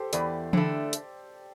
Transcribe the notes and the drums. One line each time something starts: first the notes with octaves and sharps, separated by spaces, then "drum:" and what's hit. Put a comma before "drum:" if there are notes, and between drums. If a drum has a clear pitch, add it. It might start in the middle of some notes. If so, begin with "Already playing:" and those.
Already playing: G4 A4 C5 G5
E2 A4 D5, drum: hi-hat
D3 A3, drum: tom E3
drum: hi-hat